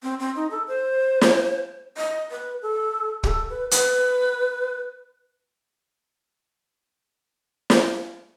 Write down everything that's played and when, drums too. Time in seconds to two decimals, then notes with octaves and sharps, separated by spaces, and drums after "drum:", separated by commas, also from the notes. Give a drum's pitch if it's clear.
0.03 C4
0.19 C4
0.36 D#4
0.51 A4
0.68 C5
1.21 drum: snare
1.97 D#5
2.31 B4
2.62 A4
3.23 G4, drum: kick
3.27 A4
3.50 B4
3.71 B4, drum: hi-hat
7.70 drum: snare